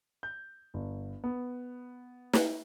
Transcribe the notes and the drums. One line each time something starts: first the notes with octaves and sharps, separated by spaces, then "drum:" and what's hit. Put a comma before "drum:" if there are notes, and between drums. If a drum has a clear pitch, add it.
G6
G1
B3
drum: snare